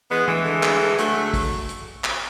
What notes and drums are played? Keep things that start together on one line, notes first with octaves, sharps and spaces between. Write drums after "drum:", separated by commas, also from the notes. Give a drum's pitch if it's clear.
E3 G#3 B3
D2 E3 G#3, drum: tom E3
D3
D2, drum: clap
D3
D2 F#3 A3, drum: hi-hat
D3
drum: kick, open hi-hat
drum: hi-hat
drum: clap